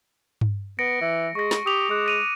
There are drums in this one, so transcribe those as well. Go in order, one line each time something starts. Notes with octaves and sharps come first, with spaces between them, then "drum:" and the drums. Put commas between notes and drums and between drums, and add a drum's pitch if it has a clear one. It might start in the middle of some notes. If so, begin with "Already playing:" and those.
drum: tom G2
B3 A#6 C#7 D7
E3
G#3 C#6 A#6
drum: snare
G4 D#6 F7
G#3 D6 F#6
A#6 D#7 F7